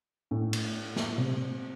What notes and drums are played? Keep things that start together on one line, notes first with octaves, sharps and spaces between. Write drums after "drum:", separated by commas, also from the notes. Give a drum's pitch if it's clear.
A2
drum: cymbal
drum: snare
C3